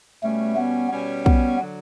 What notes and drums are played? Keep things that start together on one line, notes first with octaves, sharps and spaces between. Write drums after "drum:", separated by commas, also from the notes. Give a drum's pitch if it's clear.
B2 G3 A3 C#4
B3
B2 G3 C#4
B3, drum: kick
D3 F#3